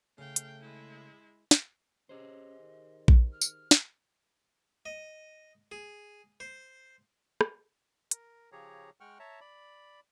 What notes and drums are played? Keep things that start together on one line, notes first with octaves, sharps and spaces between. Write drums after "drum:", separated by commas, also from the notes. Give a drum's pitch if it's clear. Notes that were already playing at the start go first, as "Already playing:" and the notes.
C#3 A3 F5 G5
drum: hi-hat
G#3 E4
drum: snare
C#4 G4 G#4 C5 D#5
D#3
drum: kick A#1
F6
drum: tambourine
drum: snare
D#5
G#4
C5
drum: rim click
A#4, drum: hi-hat
C#3 F3 G4 G#4 C#5 A#5
G#3 F#5 G5 C#6 F6
C#5 E5 A5 A#5
D5 B5